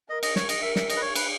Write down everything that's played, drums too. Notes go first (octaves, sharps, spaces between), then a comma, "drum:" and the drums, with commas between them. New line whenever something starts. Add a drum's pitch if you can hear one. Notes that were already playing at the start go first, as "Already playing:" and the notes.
A#4 D#5
D#5, drum: cymbal
C#5, drum: snare
D#5, drum: cymbal
A#4 E5
E5, drum: snare
D#5, drum: cymbal
B4
C#5
B4, drum: cymbal